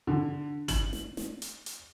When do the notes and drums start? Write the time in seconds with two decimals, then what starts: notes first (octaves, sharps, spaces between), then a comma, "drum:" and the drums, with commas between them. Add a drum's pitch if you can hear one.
0.07 D3
0.68 F#7, drum: kick G1, hi-hat
0.93 drum: snare
1.17 drum: snare
1.42 drum: hi-hat
1.66 drum: hi-hat